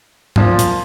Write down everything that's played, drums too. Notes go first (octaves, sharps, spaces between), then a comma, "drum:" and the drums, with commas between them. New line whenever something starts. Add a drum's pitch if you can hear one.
A#2 F3, drum: tom G#2
drum: hi-hat